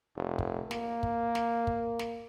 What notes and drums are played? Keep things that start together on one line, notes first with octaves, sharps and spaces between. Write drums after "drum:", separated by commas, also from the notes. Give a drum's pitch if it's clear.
F1
drum: kick
A#3, drum: snare
drum: kick
drum: snare
drum: kick
drum: snare